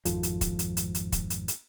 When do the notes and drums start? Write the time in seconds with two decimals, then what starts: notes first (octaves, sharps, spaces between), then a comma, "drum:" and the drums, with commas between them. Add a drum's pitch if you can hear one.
0.05 G#1 F2 F3, drum: hi-hat
0.23 drum: hi-hat
0.41 drum: kick, hi-hat
0.59 drum: hi-hat
0.77 drum: hi-hat
0.95 drum: hi-hat
1.12 drum: kick, hi-hat
1.30 drum: hi-hat
1.48 drum: hi-hat